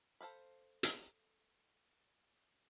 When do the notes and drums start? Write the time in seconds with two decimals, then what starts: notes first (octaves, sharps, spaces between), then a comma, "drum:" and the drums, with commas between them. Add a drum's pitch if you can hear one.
0.21 A4 C5 F5 B5
0.83 drum: hi-hat